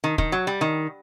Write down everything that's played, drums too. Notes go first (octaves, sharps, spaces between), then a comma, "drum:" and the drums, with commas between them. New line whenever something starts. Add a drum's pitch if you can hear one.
D#3
D#3, drum: kick
F#3
G3
D#3